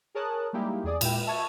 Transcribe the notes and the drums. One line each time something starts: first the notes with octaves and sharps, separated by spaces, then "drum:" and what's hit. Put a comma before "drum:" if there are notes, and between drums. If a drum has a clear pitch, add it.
G#4 A#4 C#5 A5 D#6 F#6
G3 G#3 A#3 D#4 E4 G4
E2 G#4 D5 D#6
A#2 G#3 E4 G4 G5, drum: cymbal
E5 A5 C#6 G#6